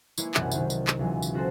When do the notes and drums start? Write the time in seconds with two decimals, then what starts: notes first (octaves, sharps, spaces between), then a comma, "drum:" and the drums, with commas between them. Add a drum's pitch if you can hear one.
0.18 G#3 A#3 E4 G#4 B4 C#5, drum: tambourine
0.34 C2 F#2 B2 E3 C#4 F#5, drum: clap
0.52 C3 D#3, drum: tambourine
0.70 drum: tambourine
0.88 drum: clap
0.99 C#2 B2 E3 F#3 G#3
1.22 drum: tambourine
1.33 B3 C#4 F#4 G#4 A4 C5